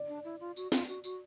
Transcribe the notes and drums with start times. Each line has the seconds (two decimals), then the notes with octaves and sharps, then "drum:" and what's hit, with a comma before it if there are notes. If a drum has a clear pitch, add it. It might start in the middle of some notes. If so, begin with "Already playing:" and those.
Already playing: D5
0.08 D4
0.24 E4
0.40 F4
0.56 F#4, drum: tambourine
0.72 F4, drum: snare
0.88 F#4, drum: tambourine
1.04 F#4, drum: tambourine